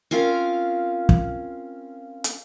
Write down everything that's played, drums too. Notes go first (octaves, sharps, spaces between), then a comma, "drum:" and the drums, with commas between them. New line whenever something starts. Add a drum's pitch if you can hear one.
C4 C#4 F4 A#4 F5
drum: kick
drum: hi-hat